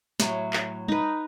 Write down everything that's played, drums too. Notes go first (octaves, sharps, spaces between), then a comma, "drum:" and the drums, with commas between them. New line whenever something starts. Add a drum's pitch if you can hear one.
A2 F#3, drum: snare
drum: clap
D#4 B4, drum: tom